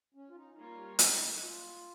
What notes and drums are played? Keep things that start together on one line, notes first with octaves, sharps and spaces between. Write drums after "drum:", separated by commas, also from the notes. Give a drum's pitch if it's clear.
C#4
F4
D#4
G3 A#3 F4 A#4 C#5
G4
D#4, drum: hi-hat
F4